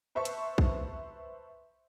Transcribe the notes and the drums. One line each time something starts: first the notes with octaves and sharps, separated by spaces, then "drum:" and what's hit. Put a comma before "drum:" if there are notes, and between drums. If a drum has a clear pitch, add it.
B4 C5 E5 A5 C#6
drum: hi-hat
drum: kick B1